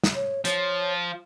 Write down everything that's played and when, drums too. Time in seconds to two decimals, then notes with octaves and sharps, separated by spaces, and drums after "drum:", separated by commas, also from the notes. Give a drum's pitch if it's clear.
0.04 drum: snare
0.15 C#5
0.45 F3 C#5, drum: hi-hat